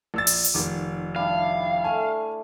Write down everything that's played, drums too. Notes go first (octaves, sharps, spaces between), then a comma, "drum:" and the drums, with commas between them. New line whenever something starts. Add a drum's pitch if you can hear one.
A#1 E6 A6
drum: open hi-hat
drum: hi-hat
F1 D#3 D6
G3 D4 E4 F5
A3 G#5